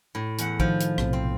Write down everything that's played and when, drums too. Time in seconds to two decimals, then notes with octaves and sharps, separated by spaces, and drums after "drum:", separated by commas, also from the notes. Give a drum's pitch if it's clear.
0.15 A2
0.38 E2 F#5, drum: hi-hat
0.60 D#3 F3, drum: kick
0.80 drum: hi-hat
0.98 B1 A2 C3, drum: rim click
1.13 C4